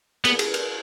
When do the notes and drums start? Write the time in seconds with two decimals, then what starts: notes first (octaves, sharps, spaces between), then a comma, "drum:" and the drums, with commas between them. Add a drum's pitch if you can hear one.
0.25 B3, drum: cymbal
0.39 drum: cymbal
0.54 drum: cymbal